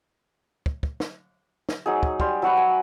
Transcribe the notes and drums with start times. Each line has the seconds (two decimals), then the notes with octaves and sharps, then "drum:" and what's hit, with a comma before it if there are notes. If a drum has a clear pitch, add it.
0.66 drum: kick
0.83 drum: kick
1.00 drum: snare
1.69 drum: snare
1.86 F#3 D#4 G#4
2.03 drum: kick
2.20 G3 C6, drum: kick
2.42 F#3 F#4 F#5 B5
2.57 G#5